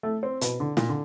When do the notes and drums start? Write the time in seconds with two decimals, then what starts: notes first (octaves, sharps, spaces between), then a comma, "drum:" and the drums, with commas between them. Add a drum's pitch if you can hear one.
0.03 A3
0.23 C4
0.41 B2, drum: hi-hat
0.60 D3
0.77 A#2, drum: snare
0.89 D3